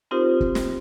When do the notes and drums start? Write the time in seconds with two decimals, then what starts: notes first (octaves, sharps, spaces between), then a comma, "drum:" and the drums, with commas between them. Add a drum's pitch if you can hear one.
0.11 C4 D#4 F4 G4 A#4 C5
0.40 drum: kick
0.55 drum: snare